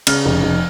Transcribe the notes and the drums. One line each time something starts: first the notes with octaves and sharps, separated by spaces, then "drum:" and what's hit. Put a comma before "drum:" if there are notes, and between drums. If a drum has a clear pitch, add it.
C#3 F6, drum: cymbal
F1
F1